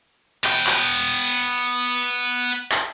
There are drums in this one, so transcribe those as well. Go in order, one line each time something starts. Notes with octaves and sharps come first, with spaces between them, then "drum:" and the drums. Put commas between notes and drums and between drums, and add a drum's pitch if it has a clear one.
B3 G5, drum: clap
drum: clap
drum: hi-hat
drum: hi-hat
drum: hi-hat
drum: hi-hat
drum: clap